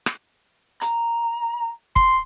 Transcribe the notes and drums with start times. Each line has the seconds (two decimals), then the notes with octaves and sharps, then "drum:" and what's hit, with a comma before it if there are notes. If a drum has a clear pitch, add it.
0.06 drum: rim click
0.81 A#5, drum: hi-hat
1.96 C6, drum: kick